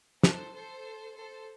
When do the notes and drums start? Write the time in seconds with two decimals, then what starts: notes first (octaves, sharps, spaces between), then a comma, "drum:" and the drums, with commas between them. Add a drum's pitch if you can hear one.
0.23 A4 C5, drum: snare
0.54 A4 C5
1.16 A4 C5